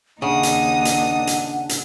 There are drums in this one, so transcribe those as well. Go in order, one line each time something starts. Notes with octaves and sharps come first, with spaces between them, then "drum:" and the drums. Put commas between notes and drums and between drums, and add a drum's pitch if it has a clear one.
D#2 C#3 D4 D#4 F#5 D#6
drum: hi-hat
drum: hi-hat
drum: hi-hat
drum: hi-hat